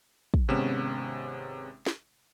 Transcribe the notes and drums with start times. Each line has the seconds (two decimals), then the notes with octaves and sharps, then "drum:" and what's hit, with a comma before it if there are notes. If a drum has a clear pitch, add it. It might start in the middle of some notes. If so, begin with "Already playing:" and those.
0.34 drum: kick
0.48 G#1 C3 G#3 B3 C#4 E7
1.86 drum: snare